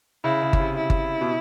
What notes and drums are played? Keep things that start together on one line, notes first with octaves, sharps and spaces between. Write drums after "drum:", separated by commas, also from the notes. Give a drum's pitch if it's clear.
C#3 E4
C#3
C#3, drum: kick G1
C3
E4
drum: kick G1
B2